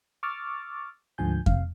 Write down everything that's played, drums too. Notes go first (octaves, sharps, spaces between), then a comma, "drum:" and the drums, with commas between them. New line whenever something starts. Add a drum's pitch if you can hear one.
C#6 D6 E6 F6 A6
D2 G#2 D3 F3 G#5 G6
C3 F5, drum: kick F2